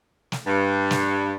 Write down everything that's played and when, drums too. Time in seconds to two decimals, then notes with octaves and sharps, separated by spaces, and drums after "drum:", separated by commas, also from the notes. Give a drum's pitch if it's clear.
0.32 drum: snare
0.47 G2
0.91 drum: snare